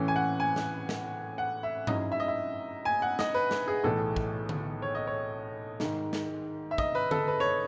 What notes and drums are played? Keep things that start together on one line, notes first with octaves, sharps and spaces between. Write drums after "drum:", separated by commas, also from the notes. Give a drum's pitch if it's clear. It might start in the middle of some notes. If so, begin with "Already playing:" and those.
Already playing: A2 E3 A3 C#4
G#5
F#5
G#5
drum: snare
drum: snare
F#5
E5
G#2 F#3 C#4 E4 D#5, drum: tom G2
E5
D#5
E5
G#5
F#5
D#5, drum: snare
B4
drum: snare
G#4
B1 A2 E3 A4
drum: kick
drum: tom D3
C#5
D#5
C#5
G#2 D#3 G#3 D#4, drum: snare
drum: snare
E5
D#5, drum: kick
B4
A4, drum: tom D3
B4
C#5